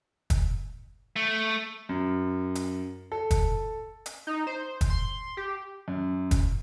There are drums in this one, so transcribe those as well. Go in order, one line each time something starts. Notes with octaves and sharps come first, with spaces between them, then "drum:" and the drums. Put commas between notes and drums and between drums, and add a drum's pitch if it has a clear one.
drum: kick, hi-hat
A3
F#2
drum: hi-hat
A4
drum: kick, hi-hat
drum: hi-hat
D#4
C5
drum: kick, hi-hat
C6
G4
F#2
drum: kick, hi-hat